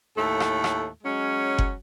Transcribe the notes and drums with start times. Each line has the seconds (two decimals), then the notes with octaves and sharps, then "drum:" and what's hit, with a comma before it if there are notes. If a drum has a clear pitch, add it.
0.17 D#2 A2 A3 A4
0.40 drum: rim click
0.64 drum: rim click
1.04 F#3 G#3 C#4
1.58 drum: kick F#1